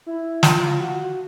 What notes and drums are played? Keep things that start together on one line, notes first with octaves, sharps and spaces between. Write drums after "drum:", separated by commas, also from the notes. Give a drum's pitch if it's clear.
E4
F4, drum: snare
F#4